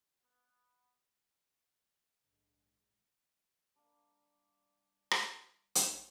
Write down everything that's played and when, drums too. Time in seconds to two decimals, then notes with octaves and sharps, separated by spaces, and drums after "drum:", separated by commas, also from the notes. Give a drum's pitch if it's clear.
0.24 B3
2.23 A#1 G#2 D3 D#3 G#3
3.76 G3 A#3 D4
5.11 drum: rim click
5.75 drum: hi-hat